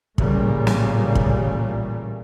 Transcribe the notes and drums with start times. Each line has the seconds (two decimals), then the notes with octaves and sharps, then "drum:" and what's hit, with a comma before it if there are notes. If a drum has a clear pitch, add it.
0.18 A1 A#2 C#3 G3 A3 A#3, drum: kick
0.67 drum: snare
1.15 drum: kick